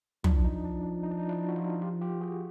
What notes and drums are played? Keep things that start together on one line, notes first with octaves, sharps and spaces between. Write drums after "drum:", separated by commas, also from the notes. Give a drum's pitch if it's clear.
F3 D4 E4, drum: tom
D4
D#4
D4
D4
D#4
D4
D#4
D4 E4
F#4
D#4 F4
F4 G4
F4 G4
F#4 G#4